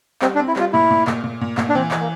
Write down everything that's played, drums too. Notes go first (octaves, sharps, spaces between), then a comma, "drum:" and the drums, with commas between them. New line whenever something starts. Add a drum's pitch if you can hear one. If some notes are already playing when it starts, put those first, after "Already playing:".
G3 C4, drum: clap
D4
C4
E4
G3 F4, drum: clap
A#2 E4
A#2
A#2, drum: clap
A#2
A#2
A#2, drum: clap
D4
E3 C4
E3, drum: clap
A#3